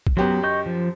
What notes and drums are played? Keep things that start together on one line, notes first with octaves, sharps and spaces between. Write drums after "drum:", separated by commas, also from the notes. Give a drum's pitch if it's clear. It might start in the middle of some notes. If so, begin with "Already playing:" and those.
drum: kick
F#2 F#3 B3 G4
D#5 C#6 G6
F3